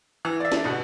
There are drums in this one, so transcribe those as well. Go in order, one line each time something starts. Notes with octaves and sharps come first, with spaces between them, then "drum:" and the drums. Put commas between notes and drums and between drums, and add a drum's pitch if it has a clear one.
E3
D5 E5
D4 A4, drum: snare
F1 B2 D3